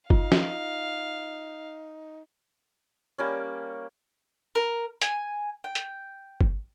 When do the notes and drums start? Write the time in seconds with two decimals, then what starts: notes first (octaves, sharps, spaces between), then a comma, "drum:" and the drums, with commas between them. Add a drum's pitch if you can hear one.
0.10 D#4 F4 F5, drum: kick
0.32 drum: snare
3.18 G3 A#3 C#4
4.55 A#4
5.02 G#5, drum: hi-hat
5.64 G5
5.75 drum: hi-hat
6.41 drum: kick